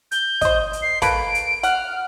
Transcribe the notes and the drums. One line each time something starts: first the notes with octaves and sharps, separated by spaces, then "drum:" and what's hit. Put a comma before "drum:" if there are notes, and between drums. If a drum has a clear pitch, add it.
G6, drum: hi-hat
C5 D#5, drum: kick, hi-hat
drum: hi-hat
C7
A#3 A4 B4 D7, drum: kick, hi-hat
drum: hi-hat
F#5 F6, drum: hi-hat